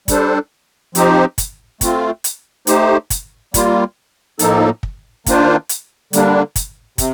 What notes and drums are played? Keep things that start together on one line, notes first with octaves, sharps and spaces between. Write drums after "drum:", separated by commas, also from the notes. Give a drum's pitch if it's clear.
G3 D4 A4 C5, drum: kick, hi-hat
F3 C4 D#4 G4 C5, drum: hi-hat
drum: kick, hi-hat
A3 C4 F4, drum: kick, hi-hat
drum: hi-hat
A3 D#4 G4 C5, drum: hi-hat
drum: kick, hi-hat
G3 A#3 F4, drum: kick, hi-hat
A2 F3 A#3 D#4 A4, drum: hi-hat
drum: kick
D#3 A#3 D4 F4 C5, drum: kick, hi-hat
drum: hi-hat
D3 G3 A#3 D4, drum: hi-hat
drum: kick, hi-hat
C3, drum: kick, hi-hat